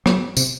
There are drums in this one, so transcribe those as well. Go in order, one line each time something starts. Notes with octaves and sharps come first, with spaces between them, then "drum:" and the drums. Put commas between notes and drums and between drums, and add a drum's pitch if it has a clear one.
F#3, drum: rim click
C3, drum: tambourine